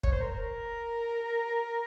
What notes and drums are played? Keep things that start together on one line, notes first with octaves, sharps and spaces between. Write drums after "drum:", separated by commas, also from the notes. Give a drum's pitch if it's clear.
C#5, drum: kick
C5
A#4